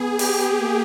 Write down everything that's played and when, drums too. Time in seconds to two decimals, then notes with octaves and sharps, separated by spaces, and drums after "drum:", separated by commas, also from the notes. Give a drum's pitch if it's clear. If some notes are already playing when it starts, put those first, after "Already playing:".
Already playing: B3 G#4
0.19 G4, drum: open hi-hat
0.58 A#3